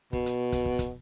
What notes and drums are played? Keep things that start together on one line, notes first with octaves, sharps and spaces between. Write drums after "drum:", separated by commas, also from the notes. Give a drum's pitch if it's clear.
B2, drum: kick
drum: hi-hat
drum: kick, hi-hat
drum: kick
drum: kick, hi-hat